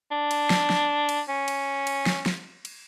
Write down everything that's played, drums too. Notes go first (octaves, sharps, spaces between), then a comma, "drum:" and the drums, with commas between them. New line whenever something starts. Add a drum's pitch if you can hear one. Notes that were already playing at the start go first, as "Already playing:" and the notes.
D4
drum: cymbal
drum: snare
drum: snare
drum: cymbal
C#4
drum: cymbal
drum: cymbal
drum: snare
drum: snare
drum: cymbal